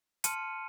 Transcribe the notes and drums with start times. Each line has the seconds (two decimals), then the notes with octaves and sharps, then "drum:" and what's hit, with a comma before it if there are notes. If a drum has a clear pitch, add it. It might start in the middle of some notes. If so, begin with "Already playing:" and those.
0.24 A5 C6 F6 C#7 D#7, drum: hi-hat